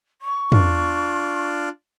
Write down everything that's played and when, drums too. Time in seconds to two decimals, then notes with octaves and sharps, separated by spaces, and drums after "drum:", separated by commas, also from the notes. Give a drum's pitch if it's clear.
0.21 C#6
0.52 D4 F4, drum: tom